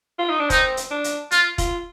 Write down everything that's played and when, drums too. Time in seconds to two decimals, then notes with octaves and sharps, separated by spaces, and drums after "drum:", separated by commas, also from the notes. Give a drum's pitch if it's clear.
0.19 F4
0.30 D#4
0.40 D4
0.50 C4 D#4, drum: kick E1, hi-hat
0.77 drum: hi-hat
0.91 D4
1.04 drum: hi-hat
1.31 F4, drum: hi-hat
1.58 F4, drum: kick E1, hi-hat